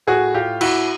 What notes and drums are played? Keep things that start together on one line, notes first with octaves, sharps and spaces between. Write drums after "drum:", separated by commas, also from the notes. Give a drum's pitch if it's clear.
A2 F#4 G#4
A2 F4 G4
A2 E4 F#4, drum: cymbal